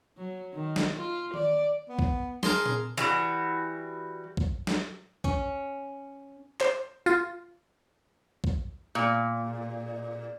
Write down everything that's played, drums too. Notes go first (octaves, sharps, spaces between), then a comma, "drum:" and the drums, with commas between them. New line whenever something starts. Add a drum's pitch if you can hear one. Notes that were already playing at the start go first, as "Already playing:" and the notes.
F#3
D#3
drum: snare
F4
D5, drum: tom D#3
B3
drum: kick B1
G#4 A#4 A5 C6, drum: snare
drum: tom A#2
E3 G3 F#4
drum: kick B1
drum: snare
C#4, drum: kick B1
C5, drum: clap
F4, drum: tambourine
drum: kick B1
A#2